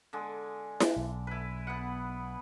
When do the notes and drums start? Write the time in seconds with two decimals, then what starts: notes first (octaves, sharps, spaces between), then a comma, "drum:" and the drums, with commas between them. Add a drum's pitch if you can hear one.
0.13 D3 G#3
0.80 drum: snare E4
0.96 B1
1.27 E4 B4
1.67 B3 F#5